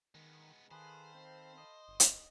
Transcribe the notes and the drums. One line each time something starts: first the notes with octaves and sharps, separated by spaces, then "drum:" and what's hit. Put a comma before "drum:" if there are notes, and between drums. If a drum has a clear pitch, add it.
D#3 G#3 B3
D#3 G#4 A4 B4 C5 F5 B5
C4
D#5
G1
drum: hi-hat